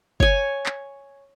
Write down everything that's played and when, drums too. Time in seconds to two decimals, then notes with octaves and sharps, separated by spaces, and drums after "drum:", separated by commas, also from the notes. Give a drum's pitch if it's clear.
0.20 C#5 G#5, drum: kick
0.66 drum: clap